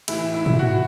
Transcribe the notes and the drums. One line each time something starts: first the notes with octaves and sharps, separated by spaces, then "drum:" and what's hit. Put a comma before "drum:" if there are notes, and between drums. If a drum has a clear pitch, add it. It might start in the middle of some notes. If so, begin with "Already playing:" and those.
A2 E3 E4, drum: cymbal
E4
drum: tom G#2
F#4